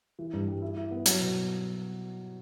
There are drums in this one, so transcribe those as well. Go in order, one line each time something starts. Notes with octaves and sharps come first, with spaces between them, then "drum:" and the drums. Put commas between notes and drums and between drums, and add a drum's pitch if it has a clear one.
E3
G2
G3
E4
E4
B3
F#3, drum: hi-hat
B2